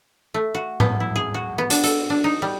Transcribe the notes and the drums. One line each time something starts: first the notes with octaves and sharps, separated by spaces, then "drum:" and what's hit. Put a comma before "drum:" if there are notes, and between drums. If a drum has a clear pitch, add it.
A3
F#4
B3, drum: tom A2
E4
G#4
F#4
B3
D4, drum: hi-hat
A4, drum: hi-hat
D4
D#4
G3